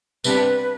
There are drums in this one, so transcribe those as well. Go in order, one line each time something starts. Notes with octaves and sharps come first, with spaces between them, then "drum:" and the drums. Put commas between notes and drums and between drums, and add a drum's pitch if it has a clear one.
C3 G3 B3 D4 B4, drum: tambourine